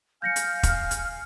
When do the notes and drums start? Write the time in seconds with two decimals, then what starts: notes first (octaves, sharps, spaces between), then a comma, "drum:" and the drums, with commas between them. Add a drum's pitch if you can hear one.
0.22 F5 G#5 F6 G6 A#6 C#7
0.36 drum: hi-hat
0.63 drum: kick E1, hi-hat
0.91 drum: hi-hat